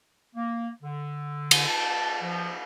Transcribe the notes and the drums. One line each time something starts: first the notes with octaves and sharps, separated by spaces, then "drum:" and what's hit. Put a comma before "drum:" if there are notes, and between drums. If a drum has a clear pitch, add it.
A#3
D3
drum: cymbal
A5
F3